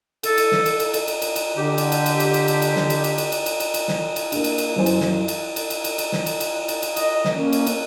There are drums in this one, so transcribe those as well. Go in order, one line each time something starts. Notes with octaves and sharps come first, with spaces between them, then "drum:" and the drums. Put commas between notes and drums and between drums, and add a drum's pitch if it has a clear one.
A4, drum: cymbal
drum: cymbal
drum: snare
drum: cymbal
drum: cymbal
drum: cymbal
drum: cymbal
drum: cymbal
drum: cymbal
D3 G4
drum: cymbal
drum: cymbal
drum: cymbal
drum: cymbal
drum: cymbal
drum: cymbal
drum: cymbal
drum: snare
drum: cymbal
drum: cymbal
drum: cymbal
drum: cymbal
drum: cymbal
drum: cymbal
drum: cymbal
drum: snare
drum: cymbal
A#3 D4, drum: cymbal
drum: cymbal
drum: cymbal
F#2 E3 E4 C5 G#5
drum: cymbal
drum: snare
drum: cymbal
drum: cymbal
drum: cymbal
drum: cymbal
drum: cymbal
drum: snare
drum: cymbal
drum: cymbal
drum: cymbal
drum: cymbal
D#5, drum: cymbal
drum: snare
A#3 C#4
drum: cymbal
drum: cymbal